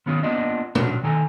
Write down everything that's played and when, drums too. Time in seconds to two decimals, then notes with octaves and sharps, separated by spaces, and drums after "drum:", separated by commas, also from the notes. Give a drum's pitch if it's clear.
0.06 D#3 F3 B3 C#4 F4 G#4
0.23 A#3 B3 D4 F4 D5 D#5
0.75 A#2 F3 C#4 D4 F#4, drum: tom B2
1.03 D#3 A4 G#5 A#5